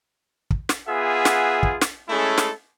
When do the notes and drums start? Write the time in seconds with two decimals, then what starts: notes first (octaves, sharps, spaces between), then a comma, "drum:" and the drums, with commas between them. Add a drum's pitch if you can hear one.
0.50 drum: kick
0.69 drum: snare
0.88 B3 F4 G#4 E5 F#5 G#5
1.25 drum: snare
1.63 drum: kick
1.82 drum: snare
2.08 G#3 A3 C#4 E4 G#4 A4
2.38 drum: snare